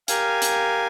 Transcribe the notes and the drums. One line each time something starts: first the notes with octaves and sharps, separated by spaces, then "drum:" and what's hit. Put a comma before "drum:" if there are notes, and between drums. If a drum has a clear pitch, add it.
G4 A#4 F5 G#5, drum: hi-hat
drum: hi-hat